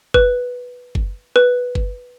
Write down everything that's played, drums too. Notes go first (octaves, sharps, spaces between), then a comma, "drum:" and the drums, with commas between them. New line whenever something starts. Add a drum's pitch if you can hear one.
B4, drum: kick G1
drum: kick G1
B4
drum: kick G1